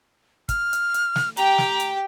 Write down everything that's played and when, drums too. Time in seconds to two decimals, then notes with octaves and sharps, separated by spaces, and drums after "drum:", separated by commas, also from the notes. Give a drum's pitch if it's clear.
0.49 F6, drum: kick, hi-hat
0.73 drum: hi-hat
0.94 drum: hi-hat
1.16 drum: snare
1.37 G4 G5 A#5, drum: hi-hat
1.58 drum: snare
1.80 drum: hi-hat